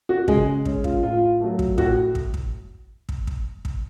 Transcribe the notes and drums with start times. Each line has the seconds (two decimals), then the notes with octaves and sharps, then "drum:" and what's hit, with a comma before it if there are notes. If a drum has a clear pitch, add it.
0.09 F#4
0.28 C#3 G#3 G#4, drum: kick
0.65 G#3 C#4, drum: kick
0.84 F4, drum: kick
1.03 A2 F4
1.41 F#3 A3
1.59 drum: kick
1.78 A2 F#4, drum: kick
2.15 drum: kick
2.34 drum: kick
3.09 drum: kick
3.27 drum: kick
3.65 drum: kick